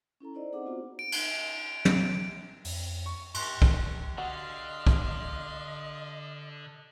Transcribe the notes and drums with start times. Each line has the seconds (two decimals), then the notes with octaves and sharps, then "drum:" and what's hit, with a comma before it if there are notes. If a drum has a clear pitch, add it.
0.20 C#4 E4 A4 A#5
0.34 D#4 E4 C5 D5 D#5
0.52 C4 D#4 G#4 C5 F#5 D6
0.66 B3 F4 F#4 C5
0.99 D7
1.12 drum: cymbal
1.85 drum: tom
2.65 F2, drum: open hi-hat
3.06 C#6
3.34 G2 C6 C#6, drum: cymbal
3.62 F#1, drum: kick
4.18 D3 F#4 D#5 F5 C6
4.87 drum: kick